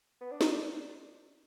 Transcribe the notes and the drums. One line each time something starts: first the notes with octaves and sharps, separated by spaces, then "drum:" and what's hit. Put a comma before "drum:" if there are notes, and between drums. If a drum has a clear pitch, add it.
B3
D4
D#4, drum: snare
D4